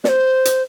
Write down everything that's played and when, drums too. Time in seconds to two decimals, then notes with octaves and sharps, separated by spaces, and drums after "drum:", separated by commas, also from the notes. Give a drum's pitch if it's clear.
0.04 D5, drum: snare
0.08 C5
0.45 drum: hi-hat